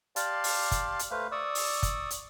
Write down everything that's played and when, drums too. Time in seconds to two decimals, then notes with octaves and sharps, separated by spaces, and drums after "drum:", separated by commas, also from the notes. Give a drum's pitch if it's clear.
0.16 G4 D5 F5 A5 C6, drum: hi-hat
0.44 drum: open hi-hat
0.72 drum: kick, hi-hat
0.99 drum: hi-hat
1.11 A3 B4 C5 F5
1.32 D5 C#6 D#6 E6
1.55 drum: open hi-hat
1.83 drum: kick, hi-hat
2.10 drum: hi-hat